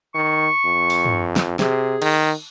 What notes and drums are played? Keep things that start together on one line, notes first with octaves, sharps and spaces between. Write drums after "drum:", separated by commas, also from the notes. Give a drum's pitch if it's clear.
D#3 C#6
F2
drum: open hi-hat
drum: tom
drum: snare
C3 G#4, drum: snare
D#3, drum: cymbal